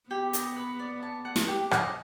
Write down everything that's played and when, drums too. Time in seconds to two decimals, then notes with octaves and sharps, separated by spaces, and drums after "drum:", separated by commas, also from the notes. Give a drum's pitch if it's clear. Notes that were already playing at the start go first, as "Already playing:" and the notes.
0.10 B3 G4
0.33 D#5, drum: hi-hat
0.56 B4
0.79 D5
1.03 A5
1.25 F#5
1.36 drum: snare
1.48 G4
1.71 D#5, drum: rim click